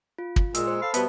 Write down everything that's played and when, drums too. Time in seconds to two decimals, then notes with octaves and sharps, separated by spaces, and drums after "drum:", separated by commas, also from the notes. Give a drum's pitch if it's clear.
0.18 F4
0.36 drum: kick
0.55 A#2 G#3 E6, drum: hi-hat
0.67 C5
0.82 A4 F5 B5
0.94 B2 G3 B3 B4 E5 A5, drum: hi-hat